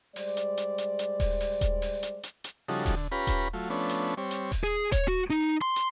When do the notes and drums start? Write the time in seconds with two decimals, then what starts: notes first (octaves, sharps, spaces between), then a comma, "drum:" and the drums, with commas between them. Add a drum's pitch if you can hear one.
0.16 G3 G#3 C5 D5, drum: open hi-hat
0.37 drum: hi-hat
0.57 drum: hi-hat
0.78 drum: hi-hat
0.99 drum: hi-hat
1.20 drum: kick D#1, open hi-hat
1.40 drum: open hi-hat
1.61 drum: kick D#1, hi-hat
1.82 drum: open hi-hat
2.03 drum: hi-hat
2.23 drum: hi-hat
2.44 drum: hi-hat
2.68 C#3 F3 G3 D#4 F#4 A4
2.86 drum: kick D#1, open hi-hat
2.96 D3
3.12 C#4 F4 G4 B4 A#5 B5
3.27 drum: kick D#1, hi-hat
3.53 F#3 A3 F4
3.70 F3 A3 B3 C#4 D4
3.89 drum: hi-hat
4.17 G3 C4 C#5
4.31 drum: hi-hat
4.52 drum: kick D#1, open hi-hat
4.64 G#4
4.92 C#5, drum: kick D#1, hi-hat
5.08 F#4
5.30 D#4
5.61 C6
5.76 drum: hi-hat